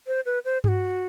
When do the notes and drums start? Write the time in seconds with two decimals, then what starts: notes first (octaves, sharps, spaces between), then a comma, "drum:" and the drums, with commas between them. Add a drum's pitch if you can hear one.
0.07 C5
0.26 B4
0.45 C5
0.64 G#4, drum: tom G2
0.68 F#4